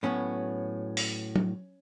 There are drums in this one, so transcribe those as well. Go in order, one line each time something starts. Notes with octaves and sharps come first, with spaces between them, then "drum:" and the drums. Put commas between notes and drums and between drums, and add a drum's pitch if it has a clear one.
A2 F#3 B3 C#4
drum: open hi-hat
drum: tom F#3